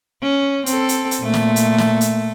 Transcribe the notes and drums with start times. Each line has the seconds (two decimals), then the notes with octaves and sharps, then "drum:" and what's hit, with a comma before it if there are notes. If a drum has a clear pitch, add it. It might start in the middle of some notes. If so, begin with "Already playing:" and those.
0.22 C#4
0.66 C4 A4, drum: hi-hat
0.89 drum: hi-hat
1.11 drum: hi-hat
1.20 A#2 A3
1.33 drum: snare
1.56 drum: hi-hat
1.78 drum: snare
2.01 drum: hi-hat